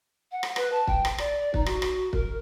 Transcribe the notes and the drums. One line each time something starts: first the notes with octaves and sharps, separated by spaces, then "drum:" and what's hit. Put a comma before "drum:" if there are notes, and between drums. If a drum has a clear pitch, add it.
F#5
drum: rim click
B4, drum: rim click
A5
G5, drum: kick
drum: rim click
D5, drum: rim click
D#4, drum: kick
F#4, drum: rim click
drum: rim click
A#4, drum: kick